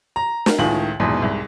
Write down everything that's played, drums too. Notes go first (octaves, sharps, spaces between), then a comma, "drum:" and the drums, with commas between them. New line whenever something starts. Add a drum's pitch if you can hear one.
A#5
drum: snare
C#2 A2 D#3 F4 F#7
A#1 E2 G#2 B2
C2 G#2